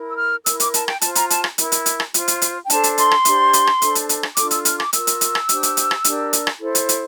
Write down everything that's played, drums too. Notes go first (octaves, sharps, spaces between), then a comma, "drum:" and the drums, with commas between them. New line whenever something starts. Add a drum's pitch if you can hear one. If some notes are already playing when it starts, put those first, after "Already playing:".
Already playing: E4 A#4
E6
F6
E4 A#4 E6, drum: hi-hat
D6, drum: hi-hat
A5, drum: hi-hat
G5, drum: rim click
F4 C5 A5, drum: hi-hat
A#5, drum: hi-hat
A5, drum: hi-hat
drum: rim click
E4 A#4, drum: hi-hat
drum: hi-hat
drum: hi-hat
drum: rim click
F4 C5, drum: hi-hat
drum: hi-hat
drum: hi-hat
G5
D4 A4 C5 A5, drum: hi-hat
drum: hi-hat
C6, drum: hi-hat
drum: rim click
D4 G4 C5, drum: hi-hat
drum: hi-hat
drum: rim click
D4 A4 C5, drum: hi-hat
drum: hi-hat
drum: hi-hat
drum: rim click
D4 F4 A4 D6, drum: hi-hat
E6, drum: hi-hat
F6, drum: hi-hat
D6, drum: rim click
F4 A#4 E6, drum: hi-hat
drum: hi-hat
drum: hi-hat
drum: rim click
D4 G4 C5, drum: hi-hat
drum: hi-hat
drum: hi-hat
drum: rim click
D4 G4 A#4, drum: hi-hat
drum: hi-hat
drum: rim click
E4 A4 C5
drum: hi-hat
drum: hi-hat